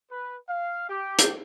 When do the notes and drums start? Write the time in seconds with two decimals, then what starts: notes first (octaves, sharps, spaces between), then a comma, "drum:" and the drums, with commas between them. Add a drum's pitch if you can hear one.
0.11 B4
0.49 F5
0.90 G4
1.19 drum: hi-hat